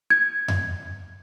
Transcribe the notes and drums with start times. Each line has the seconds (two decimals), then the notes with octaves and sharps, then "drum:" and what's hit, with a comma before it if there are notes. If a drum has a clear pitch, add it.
0.10 G#6
0.48 drum: tom F2